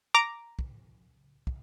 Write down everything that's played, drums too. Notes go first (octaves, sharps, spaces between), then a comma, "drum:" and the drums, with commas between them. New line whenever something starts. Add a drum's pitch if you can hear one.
A#5 D6
drum: kick
drum: kick